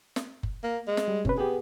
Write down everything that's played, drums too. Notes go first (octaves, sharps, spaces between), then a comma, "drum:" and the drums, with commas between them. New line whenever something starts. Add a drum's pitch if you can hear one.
drum: snare
drum: kick F#1
A#3
G#3
drum: snare
G3
C3 C#4 B4, drum: kick F#1
B3 G4 G#4